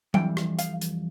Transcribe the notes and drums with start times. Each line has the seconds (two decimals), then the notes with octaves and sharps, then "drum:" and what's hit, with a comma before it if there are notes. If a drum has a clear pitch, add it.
0.14 F2 E3 G3 G5, drum: tom F#3
0.37 drum: rim click
0.59 F5, drum: hi-hat
0.81 drum: hi-hat